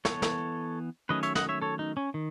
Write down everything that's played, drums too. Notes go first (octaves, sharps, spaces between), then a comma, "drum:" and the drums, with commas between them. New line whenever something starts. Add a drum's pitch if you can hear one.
E3 B3 A4 C#5, drum: snare
drum: snare
D#3 F#3 A3 C#4 B4 D#5
C#5 E5, drum: hi-hat
D#5 F#5, drum: snare
C#5 E5
A4 C#5
D#4
C#4
D#3